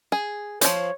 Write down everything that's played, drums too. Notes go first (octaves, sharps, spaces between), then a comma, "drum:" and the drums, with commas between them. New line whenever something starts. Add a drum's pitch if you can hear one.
G#4
F3 C5 C#5, drum: hi-hat